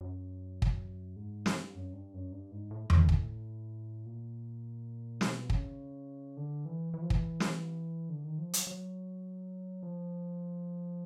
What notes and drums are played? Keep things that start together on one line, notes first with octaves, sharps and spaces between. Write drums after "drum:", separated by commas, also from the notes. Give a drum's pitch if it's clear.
F#2
drum: kick
G#2
G2, drum: snare
F#2
G2
F#2
G2
G#2
A2
A2, drum: tom E2
drum: kick
A#2
B2, drum: snare
C#3, drum: kick
D3
E3
E3
F3
E3, drum: kick
drum: snare
D3
D#3
F3
F#3, drum: hi-hat
F#3
F3